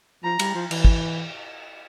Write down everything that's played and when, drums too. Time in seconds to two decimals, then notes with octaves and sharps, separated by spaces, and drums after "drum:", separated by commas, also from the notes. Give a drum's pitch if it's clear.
0.24 F3 A#5
0.39 G3, drum: cymbal
0.55 F3
0.71 E3, drum: cymbal
0.85 drum: kick